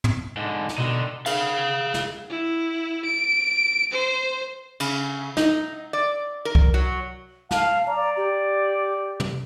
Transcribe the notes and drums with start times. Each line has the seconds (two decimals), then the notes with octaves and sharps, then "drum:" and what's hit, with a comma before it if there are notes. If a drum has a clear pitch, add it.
0.04 drum: tom
0.37 G#2 D3
0.69 drum: snare
0.78 B2 D3 D#4
1.26 G#4 F5, drum: cymbal
1.94 drum: snare
2.30 E4
3.05 D7
3.92 C5
4.80 C#3, drum: cymbal
5.37 D#4, drum: snare
5.93 D5
6.45 A#4
6.55 drum: kick C2
6.74 F#3
7.51 F5 A5, drum: snare
7.87 D5 A#5
8.17 G4
9.20 drum: tom